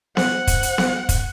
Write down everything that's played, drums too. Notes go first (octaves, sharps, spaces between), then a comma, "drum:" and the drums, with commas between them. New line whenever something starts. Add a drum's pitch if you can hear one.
C5 F#5, drum: snare B3
drum: kick, hi-hat
drum: hi-hat
drum: snare B3
drum: kick, hi-hat